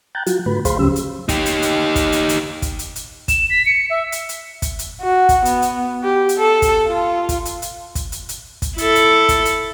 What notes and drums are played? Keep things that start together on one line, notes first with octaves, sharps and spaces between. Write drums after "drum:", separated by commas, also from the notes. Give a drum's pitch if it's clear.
G5 A#5 F#6 G6 A6
F#3 F4 F#4, drum: hi-hat
G#2 D3 A3 B4 B5
G#4 C5 F5 B5 C6, drum: kick, hi-hat
D2 C#3 F#3 C#4 G4 E6
drum: hi-hat
D#4 G4, drum: kick, hi-hat
drum: hi-hat
drum: hi-hat
drum: kick, hi-hat
drum: hi-hat
drum: hi-hat
drum: kick, hi-hat
drum: hi-hat
drum: hi-hat
E7, drum: kick, hi-hat
B6
C#7
E5
drum: hi-hat
drum: hi-hat
drum: kick, hi-hat
drum: hi-hat
F#4
drum: kick, hi-hat
B3, drum: hi-hat
drum: hi-hat
G4
drum: hi-hat
A4
drum: kick, hi-hat
F4
drum: kick, hi-hat
drum: hi-hat
drum: hi-hat
drum: kick, hi-hat
drum: hi-hat
drum: hi-hat
drum: kick, hi-hat
E4 A4, drum: hi-hat
drum: hi-hat
drum: kick, hi-hat
drum: hi-hat